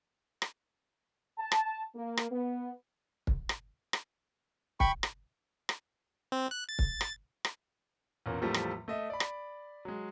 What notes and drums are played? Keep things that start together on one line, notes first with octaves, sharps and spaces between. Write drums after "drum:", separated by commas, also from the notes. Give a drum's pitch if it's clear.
drum: rim click
A5
drum: rim click
A#3
drum: rim click
B3
drum: kick
drum: rim click
drum: rim click
G5 B5 C#6, drum: kick
drum: rim click
drum: rim click
C4
F#6
A6
drum: kick
drum: rim click
drum: rim click
E2 A#2 A#3 C#4
E2 A2 F3 G3 A3 A#3
drum: rim click
A3 D#5 E5
D5 B5
drum: rim click
F#3 G#3